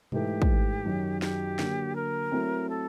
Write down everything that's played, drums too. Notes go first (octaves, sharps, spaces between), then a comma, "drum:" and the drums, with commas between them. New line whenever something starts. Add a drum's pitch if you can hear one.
G#2 E3 A3 G4, drum: tom B2
drum: kick
F#2 D#3 F#3
G4, drum: snare
D3 F#3 A#3, drum: snare
A#4
F#3 A3 C4 E4
A4